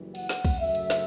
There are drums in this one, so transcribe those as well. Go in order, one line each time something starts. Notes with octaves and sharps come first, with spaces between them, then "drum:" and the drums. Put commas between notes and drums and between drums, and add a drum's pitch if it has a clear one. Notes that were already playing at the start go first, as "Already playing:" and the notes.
Already playing: F#1 F#2 E3 G3
F#5, drum: cymbal
drum: snare
drum: kick B1, cymbal
F#2 C#3 F#3 A3 E5
drum: cymbal
drum: snare